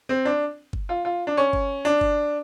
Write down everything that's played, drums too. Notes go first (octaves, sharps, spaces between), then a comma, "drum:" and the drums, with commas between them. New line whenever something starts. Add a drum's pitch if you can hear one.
C4
D4
drum: kick G1
F4
F4
D4
C#4
drum: kick G1
D4
drum: kick G1